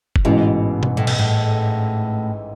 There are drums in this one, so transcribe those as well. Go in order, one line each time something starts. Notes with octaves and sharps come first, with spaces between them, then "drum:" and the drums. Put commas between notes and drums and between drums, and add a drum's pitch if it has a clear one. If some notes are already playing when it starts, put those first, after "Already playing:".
drum: kick F#1
A1 G#2 B2 E3
drum: tom B2
A2
B2, drum: cymbal
A2